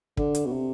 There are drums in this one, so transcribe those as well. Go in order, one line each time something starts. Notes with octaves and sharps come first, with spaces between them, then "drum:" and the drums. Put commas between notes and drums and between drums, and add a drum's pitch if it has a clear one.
D3, drum: kick
drum: hi-hat
B2
C3